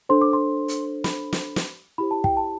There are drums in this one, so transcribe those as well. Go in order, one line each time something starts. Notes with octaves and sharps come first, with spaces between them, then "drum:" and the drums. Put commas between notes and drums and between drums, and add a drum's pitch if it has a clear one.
D4 A4 C5 C6
D6
C6
drum: hi-hat
B5, drum: snare
drum: snare
drum: snare
E4 G4 C5 B5
A5
G5, drum: kick
A5